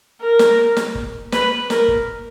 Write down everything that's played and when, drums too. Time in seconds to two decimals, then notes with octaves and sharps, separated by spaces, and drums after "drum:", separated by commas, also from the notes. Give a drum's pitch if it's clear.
0.21 A#4
0.39 drum: snare
0.77 drum: snare
0.95 drum: kick
1.32 B4, drum: snare
1.70 A#4, drum: snare
1.88 drum: kick